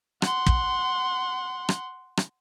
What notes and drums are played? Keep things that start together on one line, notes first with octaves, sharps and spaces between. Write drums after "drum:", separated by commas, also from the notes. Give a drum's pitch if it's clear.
F#5 C6, drum: rim click
drum: kick
drum: rim click
drum: rim click